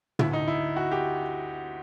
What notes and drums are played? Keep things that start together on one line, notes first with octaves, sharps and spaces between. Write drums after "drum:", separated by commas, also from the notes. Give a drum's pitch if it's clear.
D2 D3 E4, drum: tom
D#4
E4
F#4
G4